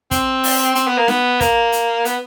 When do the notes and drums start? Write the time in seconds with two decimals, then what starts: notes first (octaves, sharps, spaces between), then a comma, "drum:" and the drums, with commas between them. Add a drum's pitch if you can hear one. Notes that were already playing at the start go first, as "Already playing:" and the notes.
0.11 C4, drum: kick, hi-hat
0.44 drum: open hi-hat
0.75 C4, drum: hi-hat
0.87 B3
0.98 A#3
1.08 B3, drum: snare
1.40 A#3, drum: kick, hi-hat
1.72 drum: hi-hat
2.05 B3, drum: hi-hat